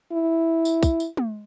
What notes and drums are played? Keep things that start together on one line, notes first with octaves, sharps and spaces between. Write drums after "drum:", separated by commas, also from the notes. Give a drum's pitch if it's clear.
E4
drum: tambourine
drum: kick, tambourine
drum: tambourine
drum: tom